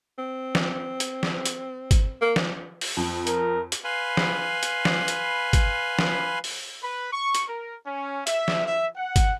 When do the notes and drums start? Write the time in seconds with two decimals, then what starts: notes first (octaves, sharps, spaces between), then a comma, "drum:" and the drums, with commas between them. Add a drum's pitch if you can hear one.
0.19 C4
0.55 drum: snare
1.00 drum: hi-hat
1.23 drum: snare
1.45 drum: hi-hat
1.91 drum: kick G1, hi-hat
2.22 A#3
2.36 drum: snare
2.81 drum: open hi-hat
2.97 F2
3.27 A#4, drum: hi-hat
3.72 drum: hi-hat
3.84 B4 F5 G#5 B5 C6
4.17 drum: snare
4.63 drum: hi-hat
4.85 drum: snare
5.08 drum: hi-hat
5.53 drum: kick G1, hi-hat
5.99 drum: snare
6.44 drum: open hi-hat
6.83 B4
7.13 C#6
7.35 drum: hi-hat
7.48 A#4
7.86 C#4
8.27 E5, drum: hi-hat
8.48 drum: snare
8.66 E5
8.97 F#5
9.16 drum: kick G1, hi-hat